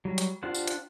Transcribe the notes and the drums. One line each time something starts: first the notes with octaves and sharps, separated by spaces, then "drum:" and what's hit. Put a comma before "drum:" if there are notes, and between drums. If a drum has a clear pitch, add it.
F#3 G3
drum: hi-hat
D4 F4 G4 C5 F#5
drum: tambourine
drum: hi-hat